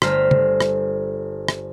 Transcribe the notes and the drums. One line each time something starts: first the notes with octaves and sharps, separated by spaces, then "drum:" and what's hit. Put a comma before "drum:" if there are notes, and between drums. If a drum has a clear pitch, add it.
G1 A3 C5 A#5 F6 B6, drum: rim click
drum: tom
drum: rim click
drum: rim click